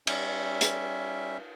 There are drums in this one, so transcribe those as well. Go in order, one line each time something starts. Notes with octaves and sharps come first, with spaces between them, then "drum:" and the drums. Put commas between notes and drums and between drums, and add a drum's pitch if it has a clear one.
G3 C#4 E5, drum: cymbal
drum: hi-hat